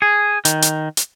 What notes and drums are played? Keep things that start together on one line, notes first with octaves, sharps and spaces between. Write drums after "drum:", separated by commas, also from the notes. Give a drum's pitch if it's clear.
G#4
D#3, drum: hi-hat
drum: hi-hat
drum: hi-hat